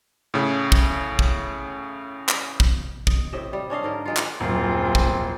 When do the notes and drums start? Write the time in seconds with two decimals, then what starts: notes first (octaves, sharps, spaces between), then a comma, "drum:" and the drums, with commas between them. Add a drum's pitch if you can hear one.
0.34 A2 C#3
0.72 drum: kick
1.19 drum: kick
2.29 drum: clap
2.60 drum: kick
3.07 D#5, drum: kick
3.33 A2 C3 D#5 E5
3.53 G3
3.70 C#4 D4 D#5 F5
3.83 G#2 D3 A#4
4.06 D#3 G#3 F4
4.17 drum: clap
4.40 D#1 F#2 A2 C4 F4 G#4
4.95 drum: kick